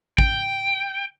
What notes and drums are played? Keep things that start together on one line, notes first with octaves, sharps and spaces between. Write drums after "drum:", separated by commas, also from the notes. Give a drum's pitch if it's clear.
G5, drum: kick